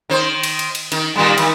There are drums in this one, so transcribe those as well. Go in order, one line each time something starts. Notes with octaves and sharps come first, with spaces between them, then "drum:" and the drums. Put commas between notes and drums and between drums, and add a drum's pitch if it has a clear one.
D#3 C5
drum: cymbal
drum: cymbal
drum: cymbal
D#3, drum: cymbal
A#2 D#3 G3
D#3, drum: cymbal